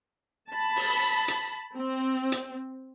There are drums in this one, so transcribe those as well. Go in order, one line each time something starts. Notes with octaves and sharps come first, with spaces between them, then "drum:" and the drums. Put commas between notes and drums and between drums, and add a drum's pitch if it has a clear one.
A5 B5
drum: open hi-hat
drum: hi-hat
C4
drum: hi-hat